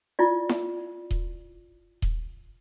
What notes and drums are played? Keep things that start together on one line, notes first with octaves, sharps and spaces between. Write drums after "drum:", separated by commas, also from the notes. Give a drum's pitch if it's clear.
E4 F4 D5
drum: snare E4
drum: kick D#1
drum: kick D#1